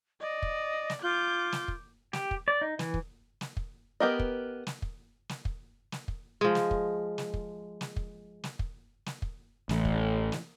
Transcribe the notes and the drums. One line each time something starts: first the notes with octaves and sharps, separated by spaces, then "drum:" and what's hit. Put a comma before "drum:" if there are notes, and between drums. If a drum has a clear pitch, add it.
D5 D#5
drum: kick
drum: snare
F4 D6 G6
drum: snare
drum: kick
G4, drum: snare
drum: kick
D5
D#4
E3, drum: snare
drum: kick
drum: snare
drum: kick
B3 G4 A#4 D#5
drum: kick
drum: snare
drum: kick
drum: snare
drum: kick
drum: snare
drum: kick
F3 G#3
drum: snare
drum: kick
drum: snare
drum: kick
drum: snare
drum: kick
drum: snare
drum: kick
drum: snare
drum: kick
A1, drum: snare
drum: kick
drum: snare